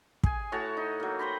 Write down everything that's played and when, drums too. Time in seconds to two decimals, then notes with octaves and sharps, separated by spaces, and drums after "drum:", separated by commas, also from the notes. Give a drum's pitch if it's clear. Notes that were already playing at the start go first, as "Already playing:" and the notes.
0.23 G#4 G#5, drum: kick
0.52 A2 F#4 C#5 A5
0.77 D#4
1.00 F#3 A#3
1.19 C5 G5 A#5 B5